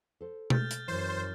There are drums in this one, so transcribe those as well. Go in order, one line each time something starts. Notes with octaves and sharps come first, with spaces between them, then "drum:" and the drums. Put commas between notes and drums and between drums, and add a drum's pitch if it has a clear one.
A4 C5
F6 G6 A6, drum: tom B2
drum: hi-hat
F#2 E3 C5